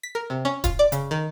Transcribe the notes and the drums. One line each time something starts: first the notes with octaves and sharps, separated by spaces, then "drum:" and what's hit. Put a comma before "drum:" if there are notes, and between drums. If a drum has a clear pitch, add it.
B6
A#4
C3
C#4
F4, drum: kick, hi-hat
D5
C#3, drum: hi-hat
D#3